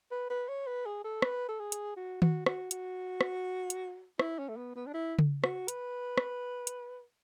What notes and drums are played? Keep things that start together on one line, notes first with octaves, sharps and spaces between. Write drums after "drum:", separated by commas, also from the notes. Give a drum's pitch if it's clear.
B4
B4
C#5
B4
G#4
A4
B4, drum: rim click
A4
G#4
drum: hi-hat
F#4
F#4, drum: tom D#3
F#4, drum: rim click
F#4, drum: hi-hat
drum: rim click
drum: hi-hat
E4, drum: rim click
C#4
A3
B3
B3
D4
E4
drum: tom C#3
F#4, drum: rim click
B4, drum: hi-hat
drum: rim click
drum: hi-hat